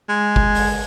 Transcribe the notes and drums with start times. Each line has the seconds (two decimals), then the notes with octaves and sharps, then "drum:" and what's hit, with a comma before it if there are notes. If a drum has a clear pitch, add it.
0.09 G#3
0.36 drum: kick G1
0.55 drum: open hi-hat